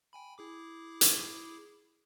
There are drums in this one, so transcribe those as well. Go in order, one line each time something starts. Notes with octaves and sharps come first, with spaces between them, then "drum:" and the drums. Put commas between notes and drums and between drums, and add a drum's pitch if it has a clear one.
G5 G#5 B5
E4 G#4 D6
drum: hi-hat